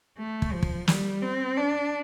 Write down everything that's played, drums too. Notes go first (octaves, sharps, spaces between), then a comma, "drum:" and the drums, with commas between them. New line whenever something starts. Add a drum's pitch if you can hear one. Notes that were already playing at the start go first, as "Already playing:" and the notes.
A3
drum: kick
F3
drum: kick
G3, drum: snare
C4
D4